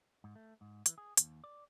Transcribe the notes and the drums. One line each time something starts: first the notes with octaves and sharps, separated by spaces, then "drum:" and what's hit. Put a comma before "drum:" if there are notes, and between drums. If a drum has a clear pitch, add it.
G#2
A3
G#2
E3, drum: hi-hat
G#4
D#2, drum: hi-hat
D5